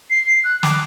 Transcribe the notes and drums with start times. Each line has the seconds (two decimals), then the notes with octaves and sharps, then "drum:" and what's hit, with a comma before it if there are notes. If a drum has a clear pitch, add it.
0.10 C7
0.44 F#6
0.63 D6, drum: snare